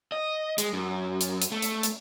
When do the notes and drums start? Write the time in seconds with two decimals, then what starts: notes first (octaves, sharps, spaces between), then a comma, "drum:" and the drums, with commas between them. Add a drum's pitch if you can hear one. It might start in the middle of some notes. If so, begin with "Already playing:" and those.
0.12 D#5
0.58 G#3, drum: hi-hat
0.73 F#2
1.21 drum: hi-hat
1.42 drum: hi-hat
1.52 A3
1.62 drum: hi-hat
1.83 drum: hi-hat